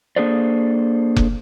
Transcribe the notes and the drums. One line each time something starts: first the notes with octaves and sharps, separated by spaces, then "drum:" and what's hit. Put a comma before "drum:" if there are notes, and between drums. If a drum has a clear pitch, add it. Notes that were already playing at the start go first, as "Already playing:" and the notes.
A#3 D4 G#4 A4 C5 D5
drum: kick F1